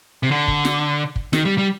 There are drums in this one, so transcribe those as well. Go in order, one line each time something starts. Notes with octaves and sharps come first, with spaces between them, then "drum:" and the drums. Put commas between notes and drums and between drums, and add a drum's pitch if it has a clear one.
C3
D3
drum: kick
drum: snare
drum: kick
D#3, drum: snare
G3
G3